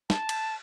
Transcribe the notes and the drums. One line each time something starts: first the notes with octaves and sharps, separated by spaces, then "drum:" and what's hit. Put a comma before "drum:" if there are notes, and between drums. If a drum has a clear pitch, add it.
A5, drum: snare
drum: cymbal